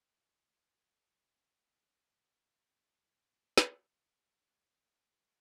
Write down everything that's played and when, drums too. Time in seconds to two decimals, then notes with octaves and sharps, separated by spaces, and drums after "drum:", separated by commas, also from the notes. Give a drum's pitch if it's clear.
0.03 G#3 A#3
0.15 A#4 C5 D5 E5 G#5 A#5
0.28 C2 D4 C5 C#5 F5
0.44 G2
0.60 F4 C#5 D5 E5 F5 A5
0.83 D#5 F#5 A5 A#5 G#6
2.11 B1 A#3 B3 C#4 A#4 F6
3.58 drum: snare
4.58 G#4 D5 G5